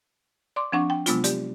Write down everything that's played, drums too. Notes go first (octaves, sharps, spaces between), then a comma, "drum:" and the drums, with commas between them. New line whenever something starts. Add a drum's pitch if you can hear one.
D5 C6 D6
F3 C4 D4 F#5 C#6
G5
C3 F#3 G#3 B3 D4 F4, drum: hi-hat
G4 D5, drum: hi-hat